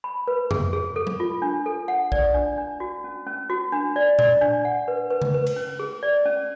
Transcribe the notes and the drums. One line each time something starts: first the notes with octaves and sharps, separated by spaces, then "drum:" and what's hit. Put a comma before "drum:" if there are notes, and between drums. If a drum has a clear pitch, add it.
B5
B4
G#4, drum: tom F2
G#4
A4
drum: tom F#3
F4
D4
A4
F#5
D5, drum: kick
D4
D4
F#4
C#4
C#4
F#4
D4
D5
D5, drum: tom A#2
D4
F#5
B4
B4
drum: tom C#3
B4
drum: cymbal
C#4
G#4
D5
C#4